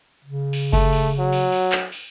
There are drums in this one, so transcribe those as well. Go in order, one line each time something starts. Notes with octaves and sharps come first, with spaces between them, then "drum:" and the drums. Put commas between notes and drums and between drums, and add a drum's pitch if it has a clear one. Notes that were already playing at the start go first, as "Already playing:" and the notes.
C#3
drum: cymbal
A3, drum: kick F#1, cymbal
drum: cymbal
F#3
drum: cymbal
drum: cymbal
drum: clap
drum: cymbal